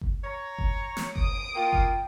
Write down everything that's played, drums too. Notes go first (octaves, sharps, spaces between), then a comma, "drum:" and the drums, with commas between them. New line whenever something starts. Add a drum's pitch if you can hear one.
drum: kick G1
C#5 A#5
drum: kick G1
drum: snare
D#6 D7, drum: kick G1
A#3 F4 G5
drum: kick G1